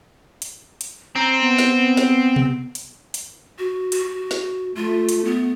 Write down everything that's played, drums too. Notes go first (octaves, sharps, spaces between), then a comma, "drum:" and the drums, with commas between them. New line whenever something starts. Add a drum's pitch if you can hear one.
drum: hi-hat
drum: hi-hat
C4 A#5
B3
drum: snare
drum: snare
drum: tom B2
drum: hi-hat
drum: hi-hat
F#4
F#4, drum: hi-hat
drum: snare
A3 F4
drum: hi-hat
B3